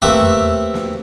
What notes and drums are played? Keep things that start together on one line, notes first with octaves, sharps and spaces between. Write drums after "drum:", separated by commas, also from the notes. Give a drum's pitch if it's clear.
A3 A#3 C4 G4 B4 E5, drum: kick
drum: tom E2
drum: snare